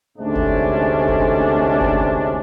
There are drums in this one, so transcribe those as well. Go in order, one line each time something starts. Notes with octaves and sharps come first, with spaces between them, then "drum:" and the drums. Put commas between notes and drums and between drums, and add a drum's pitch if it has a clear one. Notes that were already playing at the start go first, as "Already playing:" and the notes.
D2 G#2 C3 A3 C#4 D4
drum: kick
drum: kick
drum: kick